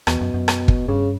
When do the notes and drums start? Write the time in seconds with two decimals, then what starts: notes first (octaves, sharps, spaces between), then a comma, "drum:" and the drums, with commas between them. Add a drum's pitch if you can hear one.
0.07 E2 B2, drum: rim click
0.21 F#2
0.34 F#2
0.48 drum: rim click
0.68 drum: kick
0.88 G2 C#3